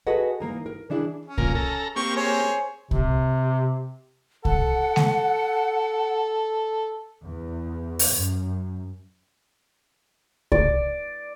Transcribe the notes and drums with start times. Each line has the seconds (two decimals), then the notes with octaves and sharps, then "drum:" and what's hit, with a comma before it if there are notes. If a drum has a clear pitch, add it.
0.07 F#4 G#4 A4 B4 D#5 F#5
0.40 E3 A#3 D#4
0.66 A#4
0.90 E3 D4 E4 G#4
1.26 C#4
1.38 F2 A#2 A#4, drum: kick C2
1.55 A4 A#5
1.96 A#3 C4 G4 C#6
2.16 G#4 C5 C#5
2.91 C3, drum: kick C2
4.45 A4 F#5, drum: kick C2
4.96 drum: snare G#3
7.20 E2
7.99 drum: open hi-hat
8.09 F#2
10.52 D5, drum: kick C2